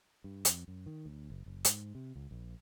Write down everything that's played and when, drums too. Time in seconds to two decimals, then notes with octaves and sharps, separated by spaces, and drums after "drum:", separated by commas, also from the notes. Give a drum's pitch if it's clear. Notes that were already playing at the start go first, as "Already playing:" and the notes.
0.24 G2
0.45 F2, drum: hi-hat
0.68 F#2
0.86 D#3
1.06 D2
1.30 F#1
1.46 F#1
1.65 G#2, drum: hi-hat
1.95 C3
2.15 C#2
2.31 A#1